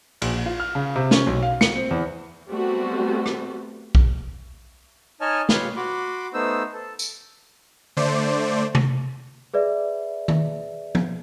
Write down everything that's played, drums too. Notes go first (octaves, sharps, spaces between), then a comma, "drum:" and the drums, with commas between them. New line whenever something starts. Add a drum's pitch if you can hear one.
A#1, drum: cymbal
F4
F6
C#3
C3
C#4, drum: snare
B1
F5
C#7, drum: snare
C4
E2
F#3 G3 A3 B3 C4 F#4
drum: rim click
drum: kick
D#4 C#5 D#5 G#5 A5 F6
F4 G4 B4 C#5 F5, drum: snare
F#4 B5 C6 D6
A3 B3 D#4 C5 E6
A4
drum: tambourine
D3 A3 C5 D5
drum: tom
G#4 B4 D5 E5
drum: tom D#3
drum: tom